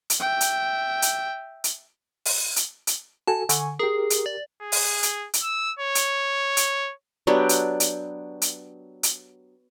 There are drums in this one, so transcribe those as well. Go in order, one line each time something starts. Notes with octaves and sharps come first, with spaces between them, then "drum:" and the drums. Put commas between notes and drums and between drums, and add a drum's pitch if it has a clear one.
drum: hi-hat
E5 G5
drum: hi-hat
drum: hi-hat
drum: hi-hat
drum: open hi-hat
drum: hi-hat
drum: hi-hat
F#4 A4 G#5 A5
D3 G#5 C#6, drum: hi-hat
G4 G#4 A#4
drum: hi-hat
D5
G#4
drum: open hi-hat
drum: hi-hat
drum: hi-hat
E6
C#5
drum: hi-hat
drum: hi-hat
F#3 B3 D4 G4
drum: hi-hat
drum: hi-hat
drum: hi-hat
drum: hi-hat